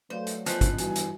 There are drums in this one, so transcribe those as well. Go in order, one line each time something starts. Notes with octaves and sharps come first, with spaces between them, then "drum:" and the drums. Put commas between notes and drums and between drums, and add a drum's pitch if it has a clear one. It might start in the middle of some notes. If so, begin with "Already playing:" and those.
F#3 A3 B4 C5 D5 F5
drum: hi-hat
F3 B3 F4 C5 D#5 G#5, drum: hi-hat
drum: kick G#1, hi-hat
G2 E3 G3 F#4 G#5, drum: hi-hat
drum: hi-hat